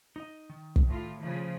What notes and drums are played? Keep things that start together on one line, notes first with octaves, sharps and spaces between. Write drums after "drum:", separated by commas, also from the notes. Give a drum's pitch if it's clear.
D#4 D#5
D#3
drum: kick
A2 F4
C#3 F3